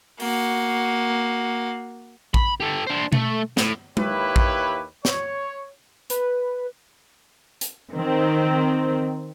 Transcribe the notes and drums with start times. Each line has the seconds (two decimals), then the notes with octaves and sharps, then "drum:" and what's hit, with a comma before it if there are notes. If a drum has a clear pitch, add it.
0.20 A#3 F#4, drum: open hi-hat
2.34 B5, drum: kick
2.60 G4 A4
2.87 D4 C5
3.12 A3, drum: tom B2
3.57 A2, drum: snare
3.97 D#2 E4 G4 B4 C#5, drum: tom G#3
4.36 drum: kick
5.05 C#5, drum: snare
6.10 B4, drum: hi-hat
7.61 drum: hi-hat
7.94 D#3 C4